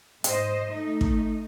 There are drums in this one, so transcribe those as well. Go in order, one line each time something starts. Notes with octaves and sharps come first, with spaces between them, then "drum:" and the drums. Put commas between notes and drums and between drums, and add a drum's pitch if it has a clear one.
G#2 C5 D#5, drum: hi-hat
A3 D#4
drum: kick